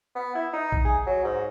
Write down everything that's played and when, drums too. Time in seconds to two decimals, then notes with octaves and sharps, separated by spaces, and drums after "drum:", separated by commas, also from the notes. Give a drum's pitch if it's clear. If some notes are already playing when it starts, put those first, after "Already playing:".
0.15 B3
0.35 E4
0.53 D#4
0.72 drum: kick
0.85 G#4
1.06 F#3
1.24 G#2